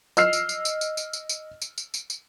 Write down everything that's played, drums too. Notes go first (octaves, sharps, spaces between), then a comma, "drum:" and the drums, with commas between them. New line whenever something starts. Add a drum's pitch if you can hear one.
D#5 E6 F6 C7, drum: tambourine
drum: tambourine
drum: tambourine
drum: tambourine
drum: tambourine
drum: tambourine
drum: tambourine
drum: tambourine
drum: tambourine
drum: tambourine
drum: tambourine
drum: tambourine